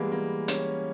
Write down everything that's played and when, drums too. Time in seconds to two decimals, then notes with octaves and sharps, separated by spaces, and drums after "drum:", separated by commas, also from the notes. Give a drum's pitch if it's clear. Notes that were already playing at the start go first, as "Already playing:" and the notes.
Already playing: E3 G3 G#3 A#3 B3
0.12 A#3
0.48 C#4, drum: hi-hat